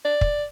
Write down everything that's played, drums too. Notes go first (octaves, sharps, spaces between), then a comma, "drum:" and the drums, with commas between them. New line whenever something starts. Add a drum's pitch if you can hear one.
D5
drum: kick